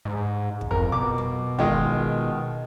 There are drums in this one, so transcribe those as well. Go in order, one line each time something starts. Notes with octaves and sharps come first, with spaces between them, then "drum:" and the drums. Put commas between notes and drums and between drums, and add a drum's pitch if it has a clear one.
G#2
drum: kick
F2 A#4
B2 D6
drum: tom F#3
D#3 G#3 F4, drum: kick